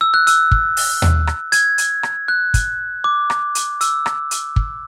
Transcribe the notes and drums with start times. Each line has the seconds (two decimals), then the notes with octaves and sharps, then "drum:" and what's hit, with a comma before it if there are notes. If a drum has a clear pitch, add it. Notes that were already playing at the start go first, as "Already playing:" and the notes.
0.01 E6
0.14 F#6
0.27 E6, drum: hi-hat
0.51 drum: kick
0.77 drum: open hi-hat
1.02 drum: tom D#2
1.27 drum: rim click
1.52 G#6, drum: hi-hat
1.78 drum: hi-hat
2.03 drum: rim click
2.28 F#6
2.54 drum: kick, hi-hat
3.04 D6
3.30 drum: rim click
3.55 drum: hi-hat
3.81 E6, drum: hi-hat
4.06 drum: rim click
4.31 drum: hi-hat
4.56 drum: kick